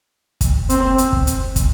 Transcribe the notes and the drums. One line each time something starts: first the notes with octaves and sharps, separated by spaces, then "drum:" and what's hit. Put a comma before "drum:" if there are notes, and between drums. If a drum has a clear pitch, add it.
drum: kick, hi-hat
C4, drum: hi-hat
drum: hi-hat
drum: kick
drum: hi-hat
drum: kick, hi-hat